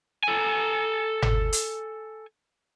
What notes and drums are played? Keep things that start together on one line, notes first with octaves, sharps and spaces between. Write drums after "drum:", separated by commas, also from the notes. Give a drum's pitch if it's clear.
A4 G#5
drum: tom G1
drum: hi-hat